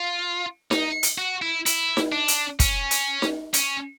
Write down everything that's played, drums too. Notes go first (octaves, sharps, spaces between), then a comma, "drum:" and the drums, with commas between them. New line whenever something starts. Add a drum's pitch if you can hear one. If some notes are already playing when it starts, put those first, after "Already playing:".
Already playing: F4
D#4, drum: snare D#4
drum: hi-hat
F#4
E4
E4, drum: hi-hat
drum: snare D#4
D4
drum: hi-hat
C#4, drum: kick, hi-hat
drum: hi-hat
drum: snare D#4
C#4, drum: hi-hat